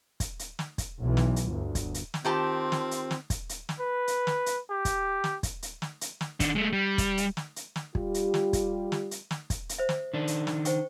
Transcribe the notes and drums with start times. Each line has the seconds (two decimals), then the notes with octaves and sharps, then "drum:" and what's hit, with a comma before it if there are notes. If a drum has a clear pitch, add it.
0.20 drum: kick, hi-hat
0.39 drum: hi-hat
0.59 drum: snare
0.78 drum: kick, hi-hat
1.02 B1 E3
1.17 drum: snare
1.36 drum: hi-hat
1.49 G1 D2
1.75 drum: kick, hi-hat
1.94 drum: hi-hat
2.14 drum: snare
2.25 D#3 C4 F4 G4 A5
2.72 drum: snare
2.91 drum: hi-hat
3.11 drum: snare
3.30 drum: kick, hi-hat
3.49 drum: hi-hat
3.69 drum: snare
3.80 B4
4.07 drum: hi-hat
4.27 drum: snare
4.46 drum: hi-hat
4.70 G4
4.85 drum: kick, hi-hat
5.24 drum: snare
5.43 drum: kick, hi-hat
5.62 drum: hi-hat
5.82 drum: snare
6.01 drum: hi-hat
6.21 drum: snare
6.40 D#3 D4, drum: kick, hi-hat
6.55 G#3 A3
6.73 G3
6.98 drum: kick, hi-hat
7.17 drum: hi-hat
7.37 drum: snare
7.56 drum: hi-hat
7.76 drum: snare
7.95 G3 F4 G4, drum: kick
8.14 drum: hi-hat
8.34 drum: snare
8.53 drum: kick, hi-hat
8.92 drum: snare
9.11 drum: hi-hat
9.31 drum: snare
9.50 drum: kick, hi-hat
9.69 drum: hi-hat
9.78 C5 E5
9.89 drum: snare
10.14 D#3 D4
10.27 drum: hi-hat
10.47 drum: snare
10.65 C5 G5 C#6, drum: hi-hat